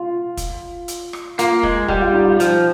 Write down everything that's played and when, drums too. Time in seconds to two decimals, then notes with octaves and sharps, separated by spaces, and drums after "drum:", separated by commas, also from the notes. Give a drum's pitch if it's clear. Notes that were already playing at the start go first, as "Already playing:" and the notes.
Already playing: F4
0.37 drum: kick, hi-hat
0.88 drum: hi-hat
1.13 drum: rim click
1.39 A#3 F4, drum: hi-hat
1.63 G#3, drum: kick
1.88 G3 G4, drum: kick
2.02 F4
2.14 D#4
2.25 F4
2.40 F3, drum: hi-hat